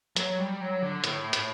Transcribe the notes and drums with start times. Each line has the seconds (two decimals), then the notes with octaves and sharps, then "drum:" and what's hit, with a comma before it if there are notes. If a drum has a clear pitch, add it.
0.16 F#3, drum: hi-hat
0.39 G3
0.60 F#3
0.82 D3
1.04 A2, drum: hi-hat
1.33 drum: hi-hat